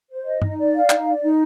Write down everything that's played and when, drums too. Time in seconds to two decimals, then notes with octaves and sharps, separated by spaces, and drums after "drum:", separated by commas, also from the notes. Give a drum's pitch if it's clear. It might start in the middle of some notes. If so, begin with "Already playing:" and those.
0.10 C5
0.25 D#5
0.42 D#4, drum: tom
0.58 D5
0.74 F5
0.90 D#4, drum: clap
1.06 D5
1.21 D#4